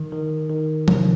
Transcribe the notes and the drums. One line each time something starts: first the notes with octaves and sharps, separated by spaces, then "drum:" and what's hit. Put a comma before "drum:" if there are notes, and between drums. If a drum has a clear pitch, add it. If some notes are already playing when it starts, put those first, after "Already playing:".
Already playing: D#3
D#3
D#3
C3, drum: tom F3